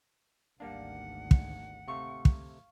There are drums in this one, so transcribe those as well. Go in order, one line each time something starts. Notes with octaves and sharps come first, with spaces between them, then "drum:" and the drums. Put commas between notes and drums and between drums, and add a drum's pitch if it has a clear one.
G#1 D2 G3 A#3 D4 F5 F#5
drum: kick
C3 A3 F5 C#6
drum: kick